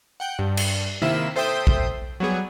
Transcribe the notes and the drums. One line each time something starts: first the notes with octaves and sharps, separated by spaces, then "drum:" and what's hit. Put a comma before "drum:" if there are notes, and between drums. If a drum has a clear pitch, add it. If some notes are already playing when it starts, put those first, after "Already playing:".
F#5 G5 G6
G2
drum: cymbal
C3 D#3 A#3 E4 E5 E7
A4 C5 E5 G5 D#6 G6
drum: kick A#1
F#3 G3 B3 G#4